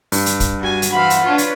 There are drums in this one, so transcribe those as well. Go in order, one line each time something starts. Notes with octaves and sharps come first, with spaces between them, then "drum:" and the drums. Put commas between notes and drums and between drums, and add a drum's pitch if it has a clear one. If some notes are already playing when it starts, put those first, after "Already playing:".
G2, drum: open hi-hat
drum: hi-hat
drum: kick, hi-hat
G3 F#4 G#5
drum: hi-hat
E3 C5 F5 F#5 B5
drum: hi-hat
D4 F4 B4 C#5
drum: hi-hat